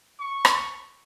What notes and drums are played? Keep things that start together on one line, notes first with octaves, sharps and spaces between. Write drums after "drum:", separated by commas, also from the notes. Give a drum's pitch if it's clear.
C#6
drum: rim click